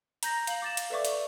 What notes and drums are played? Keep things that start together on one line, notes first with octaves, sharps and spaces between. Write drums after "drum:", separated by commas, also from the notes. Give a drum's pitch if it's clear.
A#5 G6 A#6, drum: hi-hat
F5 F#7, drum: hi-hat
D6 A6 E7
drum: hi-hat
A4 B4 D5 E5 C#6 D6
drum: hi-hat